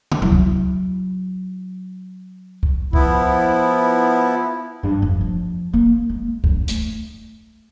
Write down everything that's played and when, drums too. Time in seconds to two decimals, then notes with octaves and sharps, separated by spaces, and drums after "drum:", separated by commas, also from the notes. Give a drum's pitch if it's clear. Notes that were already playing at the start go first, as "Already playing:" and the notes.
0.12 drum: tom C3
0.22 F#3 E4
0.32 drum: kick C2
2.63 drum: kick C2
2.93 F3 B3 E4, drum: kick C2
4.83 G2
5.02 F2
5.21 F3
5.73 A#3
6.09 G#3
6.44 G2, drum: kick C2
6.68 A3, drum: hi-hat